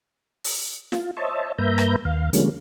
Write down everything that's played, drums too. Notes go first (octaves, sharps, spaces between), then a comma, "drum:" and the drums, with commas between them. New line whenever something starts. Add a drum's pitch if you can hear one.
drum: open hi-hat
F4, drum: snare
C5 C#5 D#5 E5 A5
G2 A#3 B4 E5 A#5 G6
drum: rim click
D#2 F5
D3 F3 G3 G#3 A#3 C#4, drum: hi-hat